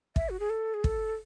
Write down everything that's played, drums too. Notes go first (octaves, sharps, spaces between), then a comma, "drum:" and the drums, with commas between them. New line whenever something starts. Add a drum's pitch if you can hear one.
E5, drum: kick
F#4
G#4
A4
G#4
A4, drum: kick